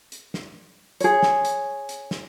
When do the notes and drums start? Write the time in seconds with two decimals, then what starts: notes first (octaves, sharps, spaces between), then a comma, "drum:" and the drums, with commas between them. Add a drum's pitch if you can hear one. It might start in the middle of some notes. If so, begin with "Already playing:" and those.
0.12 drum: hi-hat
0.34 drum: snare
1.00 G#4 C#5, drum: hi-hat
1.23 drum: snare
1.45 drum: hi-hat
1.89 drum: hi-hat
2.11 drum: snare